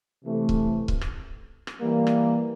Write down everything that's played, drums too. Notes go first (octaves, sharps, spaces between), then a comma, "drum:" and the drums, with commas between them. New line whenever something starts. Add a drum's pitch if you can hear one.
C3 E3 A3
drum: kick C#1
drum: kick C#1
drum: rim click
drum: rim click
E3 G3 A#3
drum: rim click